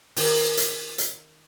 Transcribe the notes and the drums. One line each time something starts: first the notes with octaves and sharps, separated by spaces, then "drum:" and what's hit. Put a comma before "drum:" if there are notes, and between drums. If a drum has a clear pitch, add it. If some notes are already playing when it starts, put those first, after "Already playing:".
D#3, drum: open hi-hat
drum: hi-hat
drum: hi-hat